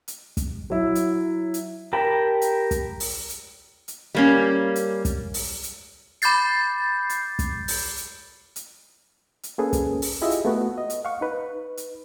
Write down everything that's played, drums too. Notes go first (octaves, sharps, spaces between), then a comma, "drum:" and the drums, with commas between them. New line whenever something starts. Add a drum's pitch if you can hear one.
drum: hi-hat
drum: kick, hi-hat
F#3 E4
drum: hi-hat
drum: hi-hat
G4 A#4 A5 B5
drum: hi-hat
drum: kick, hi-hat
drum: open hi-hat
drum: hi-hat
drum: hi-hat
G3 A#3 C#4
drum: hi-hat
drum: kick, hi-hat
drum: open hi-hat
drum: hi-hat
B5 D6 G6 A6 C7, drum: hi-hat
drum: hi-hat
drum: kick, hi-hat
drum: open hi-hat
drum: hi-hat
drum: hi-hat
drum: hi-hat
A#3 C#4 G#4 A4 B4
drum: kick, hi-hat
drum: open hi-hat
E4 F4 G4 G#4 D#5 E5
drum: hi-hat
A3 B3 F#4
D#5
drum: hi-hat
F5 F#5 C#6
D#4 B4
drum: hi-hat